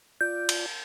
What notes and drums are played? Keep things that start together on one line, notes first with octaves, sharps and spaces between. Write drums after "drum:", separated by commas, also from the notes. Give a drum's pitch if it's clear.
F4 D5 G6
drum: cymbal